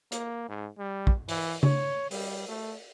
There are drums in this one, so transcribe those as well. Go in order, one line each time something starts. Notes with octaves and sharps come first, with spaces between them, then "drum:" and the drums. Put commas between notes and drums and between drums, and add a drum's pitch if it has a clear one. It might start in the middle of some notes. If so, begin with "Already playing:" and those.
A#3, drum: hi-hat
G#2
G3
drum: kick
E3, drum: open hi-hat
C#5, drum: tom C#3
G3, drum: open hi-hat
A3